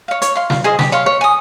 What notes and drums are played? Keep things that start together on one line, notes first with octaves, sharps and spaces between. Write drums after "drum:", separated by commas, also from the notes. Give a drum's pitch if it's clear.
C#5 F5
C#5, drum: hi-hat
F5 C6
F4, drum: snare
G#4 C5 D#5
G4, drum: snare
C#5 F5 C6
C#5
G#5 D#6